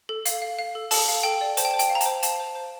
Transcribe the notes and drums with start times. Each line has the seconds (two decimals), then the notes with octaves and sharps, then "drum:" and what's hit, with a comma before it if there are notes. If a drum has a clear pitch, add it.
0.09 A4
0.25 F5, drum: hi-hat
0.42 F5
0.58 F5
0.75 A4
0.91 A4 A5, drum: open hi-hat
1.08 F5
1.23 A4 G5
1.41 D5
1.57 C5 A5, drum: hi-hat
1.65 G5
1.71 A5
1.74 C5
1.79 G5, drum: hi-hat
1.90 F5
1.95 A#5
2.01 A5, drum: hi-hat
2.06 C5
2.23 F5 A5, drum: hi-hat
2.40 C5
2.55 C5